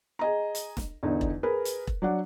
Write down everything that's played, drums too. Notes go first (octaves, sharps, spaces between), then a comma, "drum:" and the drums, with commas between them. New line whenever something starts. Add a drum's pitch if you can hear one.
G#4 D#5 A#5
drum: hi-hat
drum: snare E1
E2 D3 D#4
drum: kick E1
G#4 A#4 B4
drum: hi-hat
drum: kick E1
F#3 D4 F#5